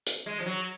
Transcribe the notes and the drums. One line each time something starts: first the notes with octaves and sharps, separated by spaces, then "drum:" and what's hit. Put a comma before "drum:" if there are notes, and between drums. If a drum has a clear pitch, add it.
drum: hi-hat
G#3
F3
F#3